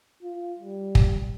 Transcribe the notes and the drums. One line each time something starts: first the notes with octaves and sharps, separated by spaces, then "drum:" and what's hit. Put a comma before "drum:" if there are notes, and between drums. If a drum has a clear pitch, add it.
F4
G3
drum: kick